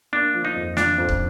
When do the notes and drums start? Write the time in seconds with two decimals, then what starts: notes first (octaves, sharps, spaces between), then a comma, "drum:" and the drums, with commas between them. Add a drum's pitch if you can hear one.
0.12 A#3 D4
0.34 F3
0.45 D#4
0.55 F2
0.77 F3 D4, drum: snare
0.98 F2
1.09 drum: kick